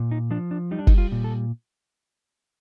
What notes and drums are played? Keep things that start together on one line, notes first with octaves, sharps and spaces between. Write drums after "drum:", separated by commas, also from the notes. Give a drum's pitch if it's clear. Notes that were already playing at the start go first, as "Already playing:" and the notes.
Already playing: A#2
D#4
F3 D4
D4
G3 D#4
D4
D#4, drum: kick
F4
A#2
A4